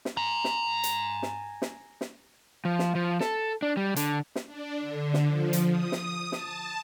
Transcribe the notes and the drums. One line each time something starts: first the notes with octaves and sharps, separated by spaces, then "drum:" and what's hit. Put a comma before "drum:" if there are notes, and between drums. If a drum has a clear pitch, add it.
drum: snare
G#5 A#5
drum: snare
drum: hi-hat
drum: snare
drum: snare
drum: snare
F3
drum: snare
F3
A4, drum: snare
D4
G3
D3, drum: hi-hat
drum: snare
D4
D3
drum: snare
F3
drum: hi-hat
D#6
drum: snare
A5, drum: snare